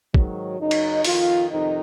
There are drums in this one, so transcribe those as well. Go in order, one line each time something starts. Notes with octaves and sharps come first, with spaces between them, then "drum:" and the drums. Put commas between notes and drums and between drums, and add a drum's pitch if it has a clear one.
G#2 D#3 F#3, drum: kick
F#2 C#3 D#4
drum: cymbal
F2 D#3 F4, drum: open hi-hat
F2 C3 D#3 D#4